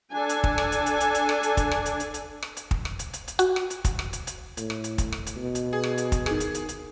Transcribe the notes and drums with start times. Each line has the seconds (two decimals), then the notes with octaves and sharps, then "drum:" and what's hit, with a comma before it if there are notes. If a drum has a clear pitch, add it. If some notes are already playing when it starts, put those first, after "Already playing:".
0.12 D4 A4 G#5
0.29 drum: hi-hat
0.44 drum: kick
0.58 drum: rim click
0.72 drum: hi-hat
0.86 drum: hi-hat
1.00 drum: hi-hat
1.15 drum: hi-hat
1.29 drum: rim click
1.43 drum: hi-hat
1.57 drum: kick, hi-hat
1.71 drum: rim click
1.86 drum: hi-hat
2.00 drum: hi-hat
2.14 drum: hi-hat
2.42 drum: rim click
2.57 drum: hi-hat
2.71 drum: kick
2.85 drum: rim click
2.99 drum: hi-hat
3.14 drum: hi-hat
3.28 drum: hi-hat
3.39 F#4, drum: hi-hat
3.56 drum: rim click
3.70 drum: hi-hat
3.85 drum: kick, hi-hat
3.99 drum: rim click
4.13 drum: hi-hat
4.27 drum: hi-hat
4.57 A2, drum: hi-hat
4.70 drum: rim click
4.84 drum: hi-hat
4.98 drum: kick, hi-hat
5.12 drum: rim click
5.27 drum: hi-hat
5.37 B2
5.55 drum: hi-hat
5.73 G#4
5.83 drum: rim click
5.98 drum: hi-hat
6.12 drum: kick, hi-hat
6.26 D#3 G#4, drum: rim click
6.40 drum: hi-hat
6.55 drum: hi-hat
6.69 drum: hi-hat